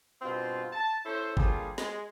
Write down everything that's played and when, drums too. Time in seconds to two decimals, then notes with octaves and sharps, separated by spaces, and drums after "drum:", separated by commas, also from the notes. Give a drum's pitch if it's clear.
0.22 G2 B2 C4 F4
0.73 A5
1.05 C#4 E4 A4 C5
1.37 D3 F3 G3 A#3 F4 G#4, drum: kick G1
1.78 G#3, drum: snare